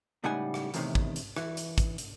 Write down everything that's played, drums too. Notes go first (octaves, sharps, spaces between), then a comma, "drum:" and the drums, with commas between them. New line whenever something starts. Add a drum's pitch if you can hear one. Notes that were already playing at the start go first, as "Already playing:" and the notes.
C#2 A2 G3 D#4 F#5 G#5
drum: rim click
E2 A2 C3 D#3, drum: hi-hat
drum: kick
drum: hi-hat
E3, drum: rim click
drum: hi-hat
drum: kick, hi-hat
drum: hi-hat